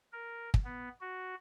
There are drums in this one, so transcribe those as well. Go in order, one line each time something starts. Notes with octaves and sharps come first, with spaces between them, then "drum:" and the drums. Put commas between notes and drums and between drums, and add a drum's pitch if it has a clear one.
A#4
drum: kick
B3
F#4